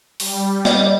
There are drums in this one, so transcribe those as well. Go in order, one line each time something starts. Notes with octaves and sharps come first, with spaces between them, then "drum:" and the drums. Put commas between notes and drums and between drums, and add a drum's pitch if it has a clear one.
G3, drum: open hi-hat
D5 D#5, drum: snare